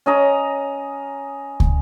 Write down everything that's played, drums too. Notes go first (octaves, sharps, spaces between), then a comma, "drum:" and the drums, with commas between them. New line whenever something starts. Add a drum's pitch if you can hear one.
C#4 D#5 A#5
drum: kick